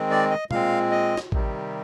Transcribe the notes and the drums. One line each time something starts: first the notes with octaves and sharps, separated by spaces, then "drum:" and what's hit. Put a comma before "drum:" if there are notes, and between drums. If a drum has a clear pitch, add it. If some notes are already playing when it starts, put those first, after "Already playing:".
Already playing: D#3 G#3 C4
D5
D#5
A#2 G#3 C4 F5, drum: tom B2
D#5
drum: snare
C3 D#3 G3, drum: kick